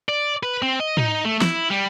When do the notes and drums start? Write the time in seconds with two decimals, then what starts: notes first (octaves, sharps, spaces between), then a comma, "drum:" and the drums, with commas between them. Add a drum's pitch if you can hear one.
0.09 D5
0.43 B4
0.62 C4
0.80 D#5
0.97 D#4, drum: tom
1.25 A3
1.41 E4, drum: snare
1.70 G3